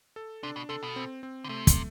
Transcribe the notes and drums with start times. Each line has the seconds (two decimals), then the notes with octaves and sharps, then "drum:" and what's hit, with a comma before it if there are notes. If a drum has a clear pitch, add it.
0.16 A4
0.43 C3 D4
0.56 B2
0.69 C3 A4
0.83 B2
0.96 C4
1.23 C4
1.44 D3
1.49 C3 A3
1.67 drum: kick, hi-hat